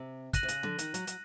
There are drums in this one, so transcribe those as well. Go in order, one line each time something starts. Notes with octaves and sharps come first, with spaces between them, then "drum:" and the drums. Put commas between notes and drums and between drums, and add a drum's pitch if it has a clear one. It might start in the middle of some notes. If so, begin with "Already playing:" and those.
Already playing: C3
F#6 A#6 D#7 F#7, drum: kick, hi-hat
C3
C#3, drum: hi-hat
D3, drum: tom
D#3, drum: hi-hat
F#3, drum: hi-hat
F#3, drum: hi-hat